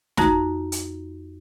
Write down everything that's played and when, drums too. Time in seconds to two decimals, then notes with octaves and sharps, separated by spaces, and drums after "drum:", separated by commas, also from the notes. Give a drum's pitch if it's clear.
0.17 F2 D#4 F#4 A#5 A#6, drum: snare
0.72 drum: hi-hat